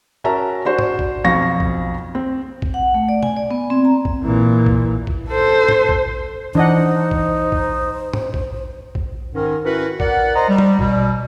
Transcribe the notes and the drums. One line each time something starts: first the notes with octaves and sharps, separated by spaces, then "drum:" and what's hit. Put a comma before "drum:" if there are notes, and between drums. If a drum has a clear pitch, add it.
C#4 F#4 A#4 E5 A5 A#5
D4 F#4 C5
drum: tom G#2
drum: kick
B1 F2 F5 C#6 A#6
drum: kick
C4
drum: kick
F#5
A3
D5
G#5, drum: tom B2
D5
B3
C4
A#5
drum: kick
A#2 E3
drum: kick
drum: kick
A4 C5
drum: tom G#2
drum: kick
E3 D4 D#4 C5 D#5 F#5
drum: kick
drum: kick
drum: tom G#2
drum: kick
drum: kick
G#2 D#3 C#4 A#4
C#4 E4 F#4 A#4 B4
A#4 D5 F#5, drum: kick
C5 D#5 A#5
G3
drum: tom
B2 G3, drum: kick